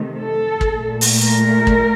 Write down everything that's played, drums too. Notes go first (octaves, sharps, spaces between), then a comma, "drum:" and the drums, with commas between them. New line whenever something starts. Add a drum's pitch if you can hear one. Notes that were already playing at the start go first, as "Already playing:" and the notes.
Already playing: C3 D#3 A3
A4
drum: kick
A#2 A3
drum: open hi-hat
A#4
drum: kick